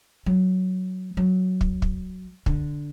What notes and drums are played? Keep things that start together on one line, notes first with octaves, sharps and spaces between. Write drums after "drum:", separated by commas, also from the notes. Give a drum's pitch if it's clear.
F#3
F#3
drum: kick
drum: kick
D3, drum: kick